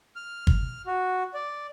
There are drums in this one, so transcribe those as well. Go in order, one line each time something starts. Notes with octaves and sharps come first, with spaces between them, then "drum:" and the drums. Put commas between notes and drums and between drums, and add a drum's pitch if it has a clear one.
F6
drum: kick G1
F#4
D5